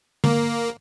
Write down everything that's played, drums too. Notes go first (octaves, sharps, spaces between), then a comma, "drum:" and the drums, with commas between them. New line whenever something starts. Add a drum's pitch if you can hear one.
A#3, drum: tom